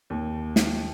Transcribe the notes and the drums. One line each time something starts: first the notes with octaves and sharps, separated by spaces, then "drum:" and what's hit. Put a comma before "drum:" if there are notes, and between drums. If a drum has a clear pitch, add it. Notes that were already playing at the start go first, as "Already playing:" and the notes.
D#2
drum: snare